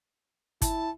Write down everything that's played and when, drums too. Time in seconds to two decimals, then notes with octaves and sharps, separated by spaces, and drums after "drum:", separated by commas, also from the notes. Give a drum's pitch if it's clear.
0.62 E4 A5, drum: kick, hi-hat